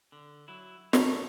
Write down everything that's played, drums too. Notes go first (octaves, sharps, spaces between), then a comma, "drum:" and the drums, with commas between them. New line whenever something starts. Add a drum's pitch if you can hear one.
D3
F#3 E4
B1 G3 F#4 A4 B4 A#5 C#6, drum: snare